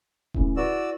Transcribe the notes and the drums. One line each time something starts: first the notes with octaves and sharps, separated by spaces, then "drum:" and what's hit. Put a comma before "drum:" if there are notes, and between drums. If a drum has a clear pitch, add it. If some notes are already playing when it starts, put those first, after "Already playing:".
A2 C#3 E3, drum: kick D#1
E4 F#4 G#4 B4 D5 E6